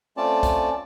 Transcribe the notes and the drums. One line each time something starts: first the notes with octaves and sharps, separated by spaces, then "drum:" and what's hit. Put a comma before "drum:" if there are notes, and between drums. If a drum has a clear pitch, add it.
A3 C4 C#4 F4 D5 A5
drum: kick, hi-hat